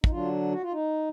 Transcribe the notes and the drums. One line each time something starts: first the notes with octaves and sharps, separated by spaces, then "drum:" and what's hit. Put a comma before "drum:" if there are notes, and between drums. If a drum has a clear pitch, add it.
D#4, drum: kick
D3 F#3 D4 F4
F#4
F4
D#4